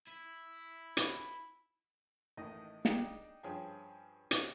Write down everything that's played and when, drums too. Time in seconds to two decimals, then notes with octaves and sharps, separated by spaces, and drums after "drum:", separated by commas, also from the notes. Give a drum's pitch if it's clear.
0.07 E4
0.97 drum: hi-hat
2.37 A1 A2 D#3 D#5
2.85 D4 D#4 G#4 D#5 G5, drum: snare
3.43 G2 F3 C#4 G#4 G5 G#5
4.31 drum: hi-hat